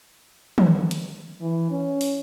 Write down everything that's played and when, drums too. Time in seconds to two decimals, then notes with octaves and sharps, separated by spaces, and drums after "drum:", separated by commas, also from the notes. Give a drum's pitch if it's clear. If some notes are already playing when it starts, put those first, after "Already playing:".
0.58 drum: tom
0.91 drum: hi-hat
1.41 E3
1.71 C#4
2.01 drum: open hi-hat